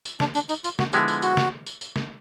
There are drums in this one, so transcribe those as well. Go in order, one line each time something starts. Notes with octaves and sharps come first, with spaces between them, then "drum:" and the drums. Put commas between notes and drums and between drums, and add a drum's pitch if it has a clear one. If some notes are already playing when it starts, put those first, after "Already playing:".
drum: tambourine
D4, drum: snare
D4, drum: tambourine
D#4, drum: tambourine
F4, drum: tambourine
F#4, drum: snare
D3 F3 G#3 B3 E4 G4, drum: tambourine
drum: tambourine
F#4, drum: tambourine
drum: snare
drum: tambourine
drum: tambourine
drum: snare